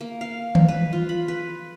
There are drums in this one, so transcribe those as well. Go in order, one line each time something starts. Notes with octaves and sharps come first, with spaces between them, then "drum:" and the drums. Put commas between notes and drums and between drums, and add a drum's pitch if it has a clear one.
A#3
F5
drum: tom D#3
B4
F4
B5
B4